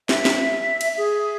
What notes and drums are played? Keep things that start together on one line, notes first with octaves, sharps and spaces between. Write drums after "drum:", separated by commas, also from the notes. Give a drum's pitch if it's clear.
E5, drum: snare
drum: snare
drum: cymbal
G#4